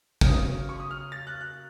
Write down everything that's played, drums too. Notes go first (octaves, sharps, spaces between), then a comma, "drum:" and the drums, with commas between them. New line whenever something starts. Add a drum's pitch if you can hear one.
F6, drum: kick
C#3 F#3 A#3 C#4 D#6
C#6
D#6
F6
A6
F#6
F#6